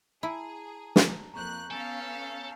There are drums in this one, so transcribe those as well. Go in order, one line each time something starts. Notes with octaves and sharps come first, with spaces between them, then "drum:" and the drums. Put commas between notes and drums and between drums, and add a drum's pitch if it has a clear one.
E4 G#4 A5 A#5
drum: snare
F2 A#3 A#5 C#6 F#6 G6
B3 C#4 A4 F5 G#5 E6 A6